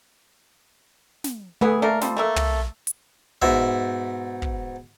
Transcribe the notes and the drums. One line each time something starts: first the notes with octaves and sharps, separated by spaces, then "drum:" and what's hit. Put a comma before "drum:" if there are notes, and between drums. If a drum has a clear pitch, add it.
drum: snare
E3 A3 B3 G#4 B4
A3 A#3 A#4 D5
F3 G3 C4, drum: snare
A3 A#3 E5
drum: tom
drum: hi-hat
G#2 B2 E5, drum: kick
drum: kick